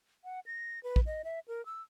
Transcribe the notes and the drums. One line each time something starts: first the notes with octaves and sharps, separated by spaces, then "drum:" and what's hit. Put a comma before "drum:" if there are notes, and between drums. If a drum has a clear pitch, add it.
F#5
A#6
B4
drum: kick
D#5
E5
A#4
E6